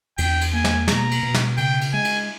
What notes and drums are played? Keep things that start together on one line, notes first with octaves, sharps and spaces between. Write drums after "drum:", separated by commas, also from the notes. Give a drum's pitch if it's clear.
E2 G5, drum: cymbal
drum: cymbal
A#3 G#5
drum: snare
B2 A#5, drum: snare
drum: cymbal
B2
drum: snare
C#3 G5, drum: cymbal
drum: cymbal
G#3 G#5
drum: cymbal